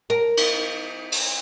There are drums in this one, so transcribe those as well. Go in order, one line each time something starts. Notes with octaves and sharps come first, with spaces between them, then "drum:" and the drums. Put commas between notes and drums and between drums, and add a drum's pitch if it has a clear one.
A#4
drum: cymbal
drum: open hi-hat